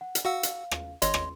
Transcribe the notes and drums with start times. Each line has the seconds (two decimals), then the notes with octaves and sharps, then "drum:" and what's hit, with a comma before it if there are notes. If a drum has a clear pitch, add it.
0.01 F#5
0.15 drum: hi-hat
0.25 F#4 F5 F#5 E6
0.43 drum: hi-hat
0.71 drum: rim click
1.02 G#1 C#5 D#5 C6, drum: hi-hat
1.14 drum: rim click